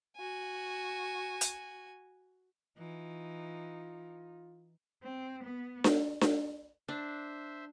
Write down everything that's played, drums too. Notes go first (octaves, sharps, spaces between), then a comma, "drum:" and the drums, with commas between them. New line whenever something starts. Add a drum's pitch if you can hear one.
F#4 G#5
drum: hi-hat
E3 D#4 F4
C4
B3
drum: snare D4
drum: snare D4
D4 C5 E5